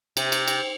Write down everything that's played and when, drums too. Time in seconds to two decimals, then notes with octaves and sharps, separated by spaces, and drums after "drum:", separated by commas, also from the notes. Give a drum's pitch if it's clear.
0.17 C3, drum: cymbal
0.32 drum: cymbal
0.48 drum: cymbal